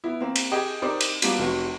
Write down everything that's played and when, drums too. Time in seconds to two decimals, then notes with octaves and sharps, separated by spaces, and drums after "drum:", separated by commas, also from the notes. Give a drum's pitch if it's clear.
0.04 B3 E4
0.20 A#3 C4
0.36 drum: cymbal
0.52 G4 G#4 D#5 G5
0.82 D#4 G4 A#4 C5 D5
1.01 drum: cymbal
1.22 F#3 G3 A#3 B3 D4 F4, drum: cymbal
1.39 F1 F#3 F#4